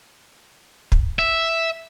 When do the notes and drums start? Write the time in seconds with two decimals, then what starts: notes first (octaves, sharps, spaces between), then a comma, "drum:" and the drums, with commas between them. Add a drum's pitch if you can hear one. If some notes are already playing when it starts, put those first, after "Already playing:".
0.92 drum: kick
1.19 E5